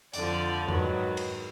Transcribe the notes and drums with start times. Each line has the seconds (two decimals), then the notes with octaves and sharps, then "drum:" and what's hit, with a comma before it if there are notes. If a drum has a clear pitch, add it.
0.13 F2 D3 F3 D5, drum: hi-hat
0.68 G#2 D#3 F#3 B4, drum: tom F2
1.17 drum: cymbal